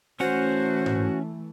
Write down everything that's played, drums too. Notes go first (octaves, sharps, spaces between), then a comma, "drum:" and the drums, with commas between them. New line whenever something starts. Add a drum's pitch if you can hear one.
E3 A3 C#4 F#4 C5 F#5
drum: tom G#2